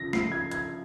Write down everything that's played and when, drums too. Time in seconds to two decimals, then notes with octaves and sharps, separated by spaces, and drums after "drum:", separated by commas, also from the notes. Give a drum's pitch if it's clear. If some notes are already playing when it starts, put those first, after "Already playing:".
Already playing: C#3 F3 A#6
0.13 C7, drum: snare
0.32 G#6
0.52 G#6, drum: hi-hat